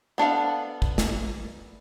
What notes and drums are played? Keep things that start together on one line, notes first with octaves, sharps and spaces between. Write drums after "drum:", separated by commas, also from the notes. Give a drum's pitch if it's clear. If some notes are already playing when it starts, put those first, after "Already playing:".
B3 D4 A4 F5
drum: kick
drum: snare